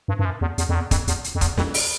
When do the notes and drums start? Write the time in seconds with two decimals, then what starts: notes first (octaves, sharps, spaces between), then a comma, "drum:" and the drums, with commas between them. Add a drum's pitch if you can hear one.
0.08 G2
0.19 G2
0.25 F#2
0.41 E2
0.58 E2, drum: hi-hat
0.69 F2
0.75 E2
0.91 F2, drum: kick, hi-hat
1.08 E2, drum: hi-hat
1.24 drum: hi-hat
1.35 F2
1.41 E2, drum: kick, hi-hat
1.57 F2, drum: snare
1.74 drum: open hi-hat